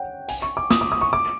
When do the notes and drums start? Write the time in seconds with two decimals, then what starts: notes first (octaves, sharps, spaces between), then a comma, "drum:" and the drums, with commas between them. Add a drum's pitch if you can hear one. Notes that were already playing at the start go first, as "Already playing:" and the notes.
Already playing: C#5 F#5 G5
0.28 G#5, drum: hi-hat
0.42 C#6
0.57 D6
0.71 D#6, drum: snare
0.81 D6
0.92 D#6
1.01 C#6
1.13 D6